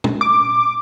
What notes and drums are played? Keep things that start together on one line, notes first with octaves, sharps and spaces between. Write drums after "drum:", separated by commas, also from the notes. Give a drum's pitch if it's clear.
drum: tom
D6